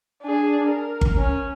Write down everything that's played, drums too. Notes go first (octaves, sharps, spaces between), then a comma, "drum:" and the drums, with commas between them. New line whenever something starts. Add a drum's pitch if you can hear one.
D4 G#4
A#4
drum: kick G1
C#4